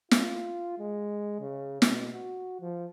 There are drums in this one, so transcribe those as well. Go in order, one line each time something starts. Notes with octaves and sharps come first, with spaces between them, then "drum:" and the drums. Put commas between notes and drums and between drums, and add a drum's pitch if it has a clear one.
F4, drum: snare
G#3
C#3
B2, drum: snare
F#4
F3